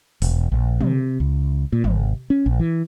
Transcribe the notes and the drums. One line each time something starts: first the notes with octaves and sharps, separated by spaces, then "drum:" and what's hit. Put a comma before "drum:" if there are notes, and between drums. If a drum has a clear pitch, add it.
E1, drum: open hi-hat
A#1
C3, drum: tom
C#2
A#2
G#1, drum: tom
C#4
A#1
E3